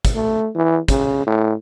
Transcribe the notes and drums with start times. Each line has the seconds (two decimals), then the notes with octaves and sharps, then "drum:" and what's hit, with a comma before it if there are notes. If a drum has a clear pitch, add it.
0.05 drum: kick, hi-hat
0.15 A3
0.55 E3
0.88 C#3, drum: kick, hi-hat
1.27 A2